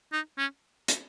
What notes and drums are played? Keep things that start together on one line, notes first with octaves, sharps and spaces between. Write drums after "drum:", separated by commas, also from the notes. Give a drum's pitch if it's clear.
D#4
C#4
drum: hi-hat